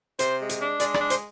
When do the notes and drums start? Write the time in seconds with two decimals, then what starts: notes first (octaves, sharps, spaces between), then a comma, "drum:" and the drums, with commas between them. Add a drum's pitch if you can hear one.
0.19 C3 C5, drum: hi-hat
0.39 G#3
0.49 drum: hi-hat
0.60 D4
0.80 G#3 D5, drum: hi-hat
0.94 D5, drum: rim click
0.99 D4
1.10 C5, drum: hi-hat